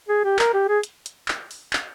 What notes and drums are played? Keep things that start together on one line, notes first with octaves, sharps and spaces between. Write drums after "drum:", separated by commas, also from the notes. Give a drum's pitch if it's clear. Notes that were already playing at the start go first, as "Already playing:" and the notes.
G#4
G4
A#4, drum: clap
G4
G#4
drum: hi-hat
drum: hi-hat
drum: clap
drum: open hi-hat
drum: clap